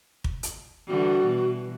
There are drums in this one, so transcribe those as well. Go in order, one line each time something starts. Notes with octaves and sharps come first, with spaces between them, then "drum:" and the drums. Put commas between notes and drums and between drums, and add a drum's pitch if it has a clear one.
drum: kick
drum: hi-hat
D3 E3 G3 F#4
B2 E3